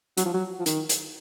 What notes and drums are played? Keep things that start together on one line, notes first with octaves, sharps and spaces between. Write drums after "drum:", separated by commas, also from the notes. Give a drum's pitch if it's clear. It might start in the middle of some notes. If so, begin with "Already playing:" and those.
F#3, drum: hi-hat
F3
F#3
F3
D#3, drum: hi-hat
drum: hi-hat